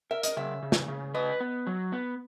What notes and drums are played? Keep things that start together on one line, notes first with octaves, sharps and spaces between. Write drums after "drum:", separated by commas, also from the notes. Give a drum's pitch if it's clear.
A#4 E5
D#5, drum: hi-hat
C#3 E5
C#3
drum: snare
C#3
B4 D#5
B3
F#3
B3